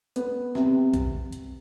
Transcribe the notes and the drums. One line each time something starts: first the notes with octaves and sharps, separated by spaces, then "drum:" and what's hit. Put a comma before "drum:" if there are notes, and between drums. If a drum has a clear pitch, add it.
B3, drum: hi-hat
C3, drum: snare
drum: kick B1, hi-hat
drum: hi-hat